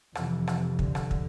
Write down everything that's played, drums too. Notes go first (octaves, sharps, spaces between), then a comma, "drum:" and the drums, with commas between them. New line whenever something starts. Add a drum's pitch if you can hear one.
F2 C3 E3, drum: rim click
drum: rim click
D3, drum: kick
drum: rim click
drum: kick